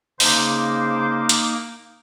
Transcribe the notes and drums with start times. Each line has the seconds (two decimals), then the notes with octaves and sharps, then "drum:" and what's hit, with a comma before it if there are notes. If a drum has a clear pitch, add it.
0.20 C#3 A#3 D#4 C5 D6, drum: open hi-hat
1.29 drum: hi-hat